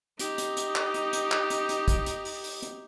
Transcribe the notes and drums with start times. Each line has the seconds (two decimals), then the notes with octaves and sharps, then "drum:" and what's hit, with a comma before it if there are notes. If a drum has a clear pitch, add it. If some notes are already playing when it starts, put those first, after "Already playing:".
0.19 D#4 G4, drum: hi-hat
0.38 drum: hi-hat
0.57 drum: hi-hat
0.76 drum: clap
0.94 drum: hi-hat
1.13 drum: hi-hat
1.32 drum: clap
1.50 drum: hi-hat
1.69 drum: hi-hat
1.88 drum: kick, hi-hat
2.06 drum: hi-hat
2.25 drum: open hi-hat
2.44 drum: open hi-hat
2.63 drum: hi-hat